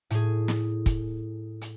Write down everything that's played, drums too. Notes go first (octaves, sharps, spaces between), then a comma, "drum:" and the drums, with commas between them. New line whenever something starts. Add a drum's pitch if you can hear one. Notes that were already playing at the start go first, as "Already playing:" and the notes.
A2 G#4, drum: hi-hat
drum: snare
drum: kick, hi-hat
drum: hi-hat